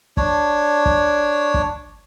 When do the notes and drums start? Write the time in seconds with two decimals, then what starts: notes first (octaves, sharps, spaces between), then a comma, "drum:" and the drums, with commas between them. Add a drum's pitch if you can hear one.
0.17 D4 C#5, drum: kick
0.86 drum: kick
1.54 drum: kick